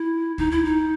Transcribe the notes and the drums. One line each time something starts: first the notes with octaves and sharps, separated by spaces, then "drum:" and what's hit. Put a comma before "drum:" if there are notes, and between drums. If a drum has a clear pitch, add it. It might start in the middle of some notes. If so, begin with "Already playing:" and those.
Already playing: E4
D#4, drum: kick
E4
D#4